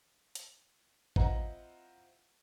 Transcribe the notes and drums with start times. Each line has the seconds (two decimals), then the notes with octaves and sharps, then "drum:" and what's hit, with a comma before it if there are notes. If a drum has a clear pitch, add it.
0.35 drum: hi-hat
1.16 C4 E4 F4 D#5 F#5 A#5, drum: kick G#1